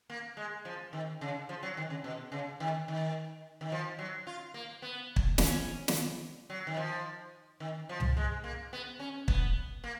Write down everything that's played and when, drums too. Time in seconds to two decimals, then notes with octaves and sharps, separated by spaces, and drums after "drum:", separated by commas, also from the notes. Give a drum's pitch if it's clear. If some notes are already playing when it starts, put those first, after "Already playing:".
0.10 A#3
0.37 G#3
0.65 F3
0.93 D#3
1.21 C#3
1.49 F3
1.63 F#3
1.77 D#3
1.90 C#3
2.04 B2
2.32 C#3
2.60 D#3
2.88 D#3
3.61 D#3
3.72 F3
3.99 F#3
4.27 F4
4.54 A#3
4.82 B3
5.16 drum: kick
5.38 C#4, drum: snare
5.88 drum: snare
6.50 F#3
6.67 D#3
6.77 F3
7.60 D#3
7.89 F3
8.00 drum: tom C2
8.17 G#3
8.44 A#3
8.73 B3
8.99 C#4
9.28 B3, drum: kick
9.84 A#3